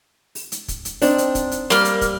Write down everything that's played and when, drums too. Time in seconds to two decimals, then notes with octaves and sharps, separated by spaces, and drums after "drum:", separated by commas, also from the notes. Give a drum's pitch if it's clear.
0.35 drum: open hi-hat
0.52 drum: hi-hat
0.68 drum: kick, hi-hat
0.85 drum: hi-hat
1.02 C4 D4 D#4 D5, drum: open hi-hat
1.18 drum: hi-hat
1.35 drum: kick, hi-hat
1.51 drum: hi-hat
1.70 G3 A#3 F6, drum: open hi-hat
1.85 drum: hi-hat
2.01 drum: kick, hi-hat